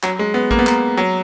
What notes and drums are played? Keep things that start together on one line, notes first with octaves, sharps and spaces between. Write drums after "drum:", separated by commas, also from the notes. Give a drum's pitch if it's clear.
F#3, drum: clap
G#3
B3
A#3, drum: kick A1
B3
A#3, drum: clap
F#3